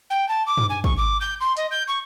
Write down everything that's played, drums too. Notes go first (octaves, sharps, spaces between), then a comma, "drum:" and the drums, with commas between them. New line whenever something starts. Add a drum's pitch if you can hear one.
G5
A5
D6
drum: tom G2
G#5
C#6, drum: kick
D6
G6
C6
D#5, drum: hi-hat
G6
C#6